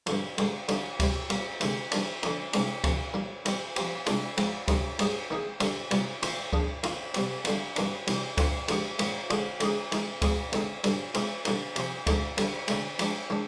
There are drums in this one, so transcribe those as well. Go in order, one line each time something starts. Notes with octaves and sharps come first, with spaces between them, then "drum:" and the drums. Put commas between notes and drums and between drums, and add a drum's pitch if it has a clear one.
G2 D3 F3, drum: cymbal
G2 D3 G#3, drum: cymbal
D3 G3 C4 D#4, drum: cymbal
C3 G3 C4, drum: kick C#2, cymbal
A#2 G3 A#3, drum: cymbal
D2 C3 D#3 G#3, drum: cymbal
D#3 G3 A#3 D4, drum: cymbal
D3 F3 A#3 D#4, drum: cymbal
C2 A#2 G#3 D4, drum: cymbal
D2 C3 F3, drum: kick C#2, cymbal
D#3 G3 A#3
D#3 G3 C4, drum: cymbal
F3 C4 G4, drum: cymbal
C2 A#2 G#3 D4 F4, drum: cymbal
G#2 F3 G#3 C4, drum: cymbal
D2 C3 G3 C4 D#4, drum: kick C#2, cymbal
G#2 G3 A#3 D#4 G#4, drum: cymbal
D#3 A#3 D#4 G#4
D3 G3 C4 G4 A#4, drum: cymbal
C2 A#2 G3, drum: cymbal
D#3 A#3 F4, drum: cymbal
F3 A#3 D4 G#4, drum: kick C#2
D#3 A#3 F4, drum: cymbal
C3 G3 C4, drum: cymbal
D#2 D3 G3, drum: cymbal
G2 D#3 A#3 D4, drum: cymbal
C2 C3 D#3, drum: cymbal
D3 F3 C4 F4, drum: kick C#2, cymbal
D3 F3 G#3 D#4 G4, drum: cymbal
G#2 D#3 A#3, drum: cymbal
D3 G#3 D4 F4 G#4, drum: cymbal
D3 G#3 D#4 G#4, drum: cymbal
D#3 G#3 D#4 A#4, drum: cymbal
A#2 G#3 C4 F4 G#4, drum: kick C#2, cymbal
D#2 D3 G#3 D#4, drum: cymbal
G2 D3 G3, drum: cymbal
A#2 G#3 C4 D#4, drum: cymbal
D3 G3 A#3 D#4 A#4, drum: cymbal
C3 F3 C4, drum: cymbal
D2 D3 G#3 D#4, drum: kick C#2, cymbal
D#2 D3 G3, drum: cymbal
D2 D3 G#3, drum: cymbal
F3 G#3 D4, drum: cymbal
D#3 G#3 D4